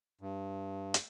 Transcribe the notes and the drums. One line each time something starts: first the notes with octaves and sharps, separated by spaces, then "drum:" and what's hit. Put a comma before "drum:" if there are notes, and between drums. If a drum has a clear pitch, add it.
G2
drum: hi-hat